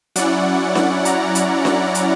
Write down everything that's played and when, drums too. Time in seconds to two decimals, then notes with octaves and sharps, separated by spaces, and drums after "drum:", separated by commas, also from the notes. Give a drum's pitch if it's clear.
0.16 F#3 C#4 E4 D5 F#5, drum: hi-hat
0.75 drum: snare D4
1.05 F#5 A#5, drum: hi-hat
1.35 drum: hi-hat
1.65 drum: snare D4
1.95 drum: hi-hat